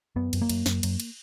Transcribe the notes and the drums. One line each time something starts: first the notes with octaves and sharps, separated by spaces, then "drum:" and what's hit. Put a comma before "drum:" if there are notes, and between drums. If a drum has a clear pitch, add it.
F#2 B3
F#2, drum: cymbal
A#3
F#2, drum: cymbal
F#2, drum: snare
F#2, drum: cymbal
drum: cymbal